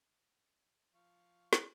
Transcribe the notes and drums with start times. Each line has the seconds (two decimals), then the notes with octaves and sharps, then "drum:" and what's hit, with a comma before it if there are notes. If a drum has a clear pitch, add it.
0.95 F3 F5 C#6
1.53 drum: snare